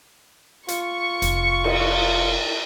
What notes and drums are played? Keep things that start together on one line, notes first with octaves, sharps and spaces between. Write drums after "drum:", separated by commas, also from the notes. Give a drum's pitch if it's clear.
F4 C#6, drum: hi-hat
F1 D#4, drum: hi-hat
drum: cymbal